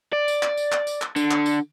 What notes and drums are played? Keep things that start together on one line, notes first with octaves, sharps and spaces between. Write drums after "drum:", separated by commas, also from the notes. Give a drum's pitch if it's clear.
D5
drum: tambourine
drum: clap
drum: tambourine
drum: clap
drum: tambourine
drum: clap
D3, drum: tambourine
drum: clap
drum: tambourine